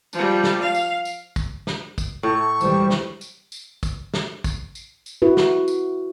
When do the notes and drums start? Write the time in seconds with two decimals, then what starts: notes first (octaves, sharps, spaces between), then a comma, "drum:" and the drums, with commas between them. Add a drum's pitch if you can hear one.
0.13 F3 G3, drum: tambourine
0.44 drum: snare
0.61 F5
0.74 drum: tambourine
1.05 drum: tambourine
1.36 drum: kick, tambourine
1.67 drum: snare
1.98 drum: kick, tambourine
2.23 A2 A3 C#6
2.61 E3 G3 C5, drum: tambourine
2.90 drum: snare
3.21 drum: tambourine
3.52 drum: tambourine
3.83 drum: kick, tambourine
4.14 drum: snare
4.44 drum: kick, tambourine
4.75 drum: tambourine
5.06 drum: tambourine
5.22 E4 F#4 B4
5.37 drum: snare
5.68 drum: tambourine